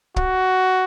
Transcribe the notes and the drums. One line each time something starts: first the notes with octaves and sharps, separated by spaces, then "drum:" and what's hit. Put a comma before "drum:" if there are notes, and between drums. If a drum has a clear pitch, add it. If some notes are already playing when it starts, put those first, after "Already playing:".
F#4, drum: kick